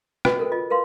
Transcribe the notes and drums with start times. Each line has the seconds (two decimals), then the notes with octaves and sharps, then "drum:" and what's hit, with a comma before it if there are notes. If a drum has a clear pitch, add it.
0.25 F#4 B4 D#5, drum: rim click
0.39 A4 A#4
0.52 F4 D#5
0.70 A#4 B4 F5 C6